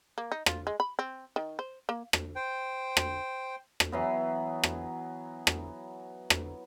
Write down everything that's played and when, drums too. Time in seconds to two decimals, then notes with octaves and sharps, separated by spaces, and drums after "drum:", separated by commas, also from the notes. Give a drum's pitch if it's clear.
0.18 A#3
0.32 D#4
0.46 F4, drum: rim click
0.67 G#3
0.80 B5
0.99 C4
1.36 D#3
1.59 C5
1.89 A#3
2.13 drum: rim click
2.36 C5 G5
2.97 drum: rim click
3.80 drum: rim click
3.92 E3 F#3 B3
4.63 drum: rim click
5.47 drum: rim click
6.30 drum: rim click